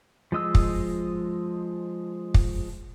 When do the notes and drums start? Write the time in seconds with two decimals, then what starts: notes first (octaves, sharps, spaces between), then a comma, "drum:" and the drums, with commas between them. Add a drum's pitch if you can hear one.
0.32 F3 G#3 D#5 E6
0.55 drum: kick
2.34 drum: kick